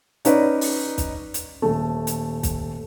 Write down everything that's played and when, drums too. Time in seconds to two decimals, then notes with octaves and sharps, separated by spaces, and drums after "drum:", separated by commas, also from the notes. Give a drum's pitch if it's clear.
0.25 C#4 D#4 B4 D5, drum: hi-hat
0.61 drum: open hi-hat
0.98 drum: kick, hi-hat
1.34 drum: hi-hat
1.62 D#1 A3
2.07 drum: hi-hat
2.43 drum: kick, hi-hat